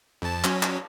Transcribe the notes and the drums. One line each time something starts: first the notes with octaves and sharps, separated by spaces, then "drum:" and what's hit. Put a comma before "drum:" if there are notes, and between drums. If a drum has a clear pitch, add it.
F2 A5
F#3 C#4, drum: clap
drum: clap